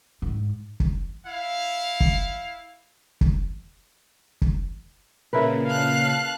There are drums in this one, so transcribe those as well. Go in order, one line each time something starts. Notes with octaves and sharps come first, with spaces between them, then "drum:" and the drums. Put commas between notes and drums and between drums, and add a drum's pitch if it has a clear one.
G#2
drum: kick
E4 F5
drum: kick
drum: kick
drum: kick
A#2 C#3 E4 A#4 B4
F5 A5 F#6